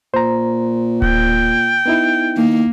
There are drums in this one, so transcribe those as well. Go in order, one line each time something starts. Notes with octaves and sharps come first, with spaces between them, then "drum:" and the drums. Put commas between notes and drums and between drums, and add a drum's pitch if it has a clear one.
A#2 C5 A#5
G5, drum: kick D1
B3 D#4 E4
D#3 A#3